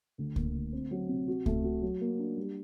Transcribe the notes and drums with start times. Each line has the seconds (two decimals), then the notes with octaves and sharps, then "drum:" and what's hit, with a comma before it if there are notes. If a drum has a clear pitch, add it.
0.18 D2
0.36 A#3, drum: kick C#2
0.54 D2
0.73 C4
0.91 F#3
1.09 C3
1.28 F#4
1.46 A3, drum: kick C#2
1.64 F#4
1.82 F#3
2.01 A#3
2.19 D4
2.37 G3